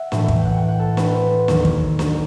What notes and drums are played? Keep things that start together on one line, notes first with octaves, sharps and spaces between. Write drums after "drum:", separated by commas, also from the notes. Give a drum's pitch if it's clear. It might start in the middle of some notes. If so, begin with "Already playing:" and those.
Already playing: E5 F#5
A2 E3 A3, drum: snare
drum: kick
G5
F#5
G5
F#5
A4
B4, drum: snare
C5
D#2 D#3 F#3, drum: snare
drum: kick
drum: snare